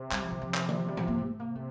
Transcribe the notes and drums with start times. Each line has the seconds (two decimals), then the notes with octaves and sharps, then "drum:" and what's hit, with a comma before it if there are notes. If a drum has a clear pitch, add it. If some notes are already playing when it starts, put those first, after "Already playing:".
Already playing: C3
0.12 G3, drum: clap
0.22 F3
0.31 D#3
0.41 F3
0.54 drum: clap
0.69 drum: tom D#3
0.88 G3
0.97 F3, drum: tom
1.08 A#3
1.18 A3
1.39 C3 A#3
1.55 A3